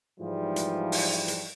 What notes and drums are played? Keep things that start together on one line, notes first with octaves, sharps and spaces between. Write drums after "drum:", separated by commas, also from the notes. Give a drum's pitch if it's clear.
G#2 E3 F3 G3
drum: hi-hat
drum: open hi-hat
drum: hi-hat